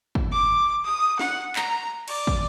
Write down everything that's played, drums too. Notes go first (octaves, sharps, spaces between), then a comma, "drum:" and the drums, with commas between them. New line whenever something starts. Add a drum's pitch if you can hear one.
drum: kick
D6
D#6
F#5, drum: snare
A#5, drum: clap
D5, drum: cymbal
drum: kick